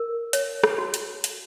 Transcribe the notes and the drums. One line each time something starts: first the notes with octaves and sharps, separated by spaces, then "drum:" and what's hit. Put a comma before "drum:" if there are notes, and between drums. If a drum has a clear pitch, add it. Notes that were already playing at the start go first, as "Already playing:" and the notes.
Already playing: A#4
C#5, drum: hi-hat
drum: rim click
F#4
drum: hi-hat
drum: hi-hat